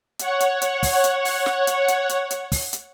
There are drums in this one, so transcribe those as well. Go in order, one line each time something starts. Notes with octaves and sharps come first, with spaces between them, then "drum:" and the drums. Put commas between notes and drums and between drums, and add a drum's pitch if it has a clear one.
C#5 F#5, drum: hi-hat
drum: hi-hat
drum: hi-hat
drum: kick, open hi-hat
drum: hi-hat
drum: open hi-hat
drum: snare
drum: hi-hat
drum: hi-hat
drum: hi-hat
drum: hi-hat
drum: kick, open hi-hat
drum: hi-hat